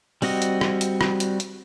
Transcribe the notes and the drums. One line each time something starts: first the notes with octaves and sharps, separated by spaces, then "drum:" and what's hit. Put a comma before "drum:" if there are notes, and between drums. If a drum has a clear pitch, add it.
G3 C4 F#4 D#5, drum: open hi-hat
drum: hi-hat
drum: rim click
drum: hi-hat
drum: rim click
drum: hi-hat
drum: hi-hat